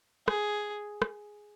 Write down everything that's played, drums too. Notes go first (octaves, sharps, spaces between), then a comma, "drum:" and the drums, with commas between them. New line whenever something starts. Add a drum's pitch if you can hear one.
G#4, drum: rim click
drum: rim click